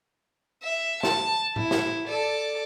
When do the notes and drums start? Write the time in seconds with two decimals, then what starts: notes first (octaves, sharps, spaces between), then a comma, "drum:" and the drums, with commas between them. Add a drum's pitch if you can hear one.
0.63 E5
1.03 A5, drum: snare
1.56 E4, drum: tom A2
1.71 drum: snare
2.08 A4 D5